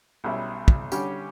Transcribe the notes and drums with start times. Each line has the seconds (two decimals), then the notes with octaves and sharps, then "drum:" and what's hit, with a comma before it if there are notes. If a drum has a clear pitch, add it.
0.24 B1 B2 G3 C#4 E4
0.68 drum: kick
0.92 D3 G3 C#4 G4, drum: tambourine